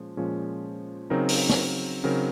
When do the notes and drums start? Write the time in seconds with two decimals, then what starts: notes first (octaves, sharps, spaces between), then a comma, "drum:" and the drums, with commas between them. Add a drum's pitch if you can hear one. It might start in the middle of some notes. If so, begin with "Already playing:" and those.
Already playing: A#2 F3 G#3 C#4
0.17 A#2 F3 G#3 C#4
1.10 C#3 F#3 C4 D#4 A#4
1.29 drum: open hi-hat
1.49 drum: snare
2.04 C#3 F#3 C4 D#4 A#4